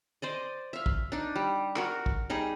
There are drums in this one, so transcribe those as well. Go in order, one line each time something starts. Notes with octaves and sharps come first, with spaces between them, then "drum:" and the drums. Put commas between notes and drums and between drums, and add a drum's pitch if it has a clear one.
C5 D5 D#5
E5 F5
drum: kick
D4 D#4
G3
F#4 A#4, drum: clap
drum: kick
G3 D#4 G#4